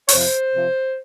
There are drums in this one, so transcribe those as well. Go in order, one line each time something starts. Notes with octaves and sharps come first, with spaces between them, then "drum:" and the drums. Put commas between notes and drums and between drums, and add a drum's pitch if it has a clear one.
C#5, drum: open hi-hat
F2 C3 F3 C5
C3 F3